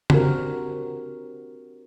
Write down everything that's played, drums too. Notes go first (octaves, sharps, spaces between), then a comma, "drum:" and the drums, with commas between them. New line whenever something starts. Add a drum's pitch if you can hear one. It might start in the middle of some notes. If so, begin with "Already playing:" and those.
C4 D4 F#4 G4 A#4, drum: tom